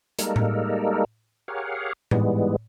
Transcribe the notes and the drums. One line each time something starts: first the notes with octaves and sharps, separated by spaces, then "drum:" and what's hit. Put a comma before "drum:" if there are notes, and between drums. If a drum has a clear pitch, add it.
G3 G#3 A#3 D#4 A4 A#4, drum: hi-hat
drum: tom A2
G4 G#4 A#4 C#5 F5 F#5
G#2 E3 G3 G#3 B3, drum: tom A2